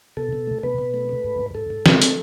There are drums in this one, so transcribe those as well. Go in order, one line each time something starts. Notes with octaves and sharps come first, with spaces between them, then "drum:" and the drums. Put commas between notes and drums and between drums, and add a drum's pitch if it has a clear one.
B2 A4
B2
A3
B2 B4
B2
A3
A3
G#2
G#2
G#2 A4
G#2
G#3, drum: snare
A3, drum: hi-hat